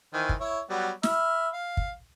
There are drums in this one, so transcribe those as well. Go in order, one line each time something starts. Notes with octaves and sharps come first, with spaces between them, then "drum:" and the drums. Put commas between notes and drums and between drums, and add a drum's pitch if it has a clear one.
D#3 E3 C5
drum: kick
E4 C#5
F#3 G3 B3
E5 B5 F6, drum: snare
F5
drum: kick